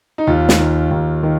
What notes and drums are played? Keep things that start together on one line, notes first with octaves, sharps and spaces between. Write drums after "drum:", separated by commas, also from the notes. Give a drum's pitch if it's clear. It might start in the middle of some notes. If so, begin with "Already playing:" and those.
D#4
D#2 F4
drum: snare
D#3
D#2
D#3